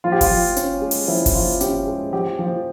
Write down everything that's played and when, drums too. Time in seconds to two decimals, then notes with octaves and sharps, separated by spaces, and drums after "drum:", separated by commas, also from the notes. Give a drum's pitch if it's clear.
0.04 F3 F4
0.12 G4
0.21 F4, drum: kick F#1, open hi-hat
0.30 F3
0.56 C#4, drum: hi-hat
0.82 G#3
0.91 drum: open hi-hat
1.08 F3 E4
1.26 drum: kick F#1, open hi-hat
1.35 F3 F4
1.61 C#4 G4, drum: hi-hat
1.87 G#3
2.13 F3 G4
2.39 F3